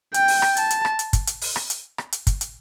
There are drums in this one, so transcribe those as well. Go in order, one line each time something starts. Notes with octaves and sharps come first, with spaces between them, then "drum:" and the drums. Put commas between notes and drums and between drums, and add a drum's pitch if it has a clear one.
G5, drum: hi-hat
drum: open hi-hat
drum: rim click
A5, drum: hi-hat
drum: hi-hat
drum: rim click
drum: hi-hat
drum: kick, hi-hat
drum: hi-hat
drum: open hi-hat
drum: rim click
drum: hi-hat
drum: rim click
drum: hi-hat
drum: kick, hi-hat
drum: hi-hat